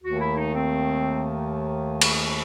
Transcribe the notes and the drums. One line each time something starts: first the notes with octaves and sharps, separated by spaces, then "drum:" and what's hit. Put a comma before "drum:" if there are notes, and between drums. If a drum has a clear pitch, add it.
D#2 D#3 A3 F#4
E4
D#4
C4
drum: cymbal